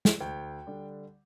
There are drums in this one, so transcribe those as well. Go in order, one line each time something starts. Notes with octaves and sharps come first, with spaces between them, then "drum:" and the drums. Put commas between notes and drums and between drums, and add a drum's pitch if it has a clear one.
drum: snare
D2 G5
D3 G3 D4